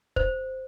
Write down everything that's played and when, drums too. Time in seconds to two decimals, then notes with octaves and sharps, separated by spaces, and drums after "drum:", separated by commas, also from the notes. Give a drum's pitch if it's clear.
0.16 C5, drum: kick